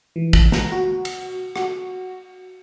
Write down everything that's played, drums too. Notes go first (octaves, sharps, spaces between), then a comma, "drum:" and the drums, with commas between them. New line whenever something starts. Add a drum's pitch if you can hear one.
E3
drum: kick
A#5, drum: snare
F#4
drum: cymbal
F#4, drum: rim click